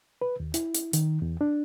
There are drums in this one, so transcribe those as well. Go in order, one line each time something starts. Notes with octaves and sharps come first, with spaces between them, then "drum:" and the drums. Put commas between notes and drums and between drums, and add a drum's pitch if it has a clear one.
B4
D#2
E4, drum: hi-hat
drum: hi-hat
D#3, drum: hi-hat
E2
D4